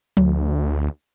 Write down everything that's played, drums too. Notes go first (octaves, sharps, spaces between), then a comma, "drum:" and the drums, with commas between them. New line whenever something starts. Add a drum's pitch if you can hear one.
D2, drum: tom F3